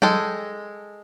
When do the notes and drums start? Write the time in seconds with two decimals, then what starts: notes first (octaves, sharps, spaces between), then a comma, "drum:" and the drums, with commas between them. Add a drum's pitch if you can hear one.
0.02 G#3 A4 G5, drum: tom F#3